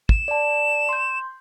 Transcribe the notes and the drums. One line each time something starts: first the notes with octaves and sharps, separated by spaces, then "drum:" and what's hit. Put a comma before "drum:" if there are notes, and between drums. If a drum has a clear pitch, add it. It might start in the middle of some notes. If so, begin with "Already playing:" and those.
E7, drum: kick
D5 A5
C6 G6